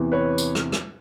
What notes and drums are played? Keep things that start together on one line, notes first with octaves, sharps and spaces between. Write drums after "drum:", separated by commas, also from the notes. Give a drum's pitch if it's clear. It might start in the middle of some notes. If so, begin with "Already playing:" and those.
Already playing: E2 C3 E3
B4 C#5
drum: tambourine
drum: rim click
drum: rim click